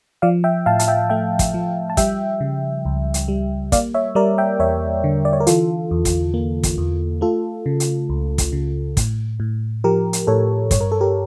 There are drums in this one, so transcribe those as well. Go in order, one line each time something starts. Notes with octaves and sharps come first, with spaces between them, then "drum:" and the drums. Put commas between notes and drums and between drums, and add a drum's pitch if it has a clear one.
F3 D5 F5
E5 G5
A2 F5 A5
A5, drum: hi-hat
E5 G5
A3 E5 G5
drum: kick, hi-hat
F3
A5
G3 E5 G5, drum: kick, hi-hat
C#3
C#2
drum: hi-hat
G3
A#3 D5 F5, drum: kick, hi-hat
C#5 E5
G3 A#4 D5
E5 G5
E2 C#5 E5
D3
D5
C#5
A#4
E3 F4 A4, drum: hi-hat
E2
drum: kick, hi-hat
A#3
drum: kick, hi-hat
E2
A3 F4 A4
C#3
drum: hi-hat
C#2
drum: kick, hi-hat
C#3
A2, drum: kick, hi-hat
A2
F3 G4 A#4
drum: hi-hat
A2 A4 C#5
G2 C#5, drum: kick, hi-hat
A#4
A4
G4 A#4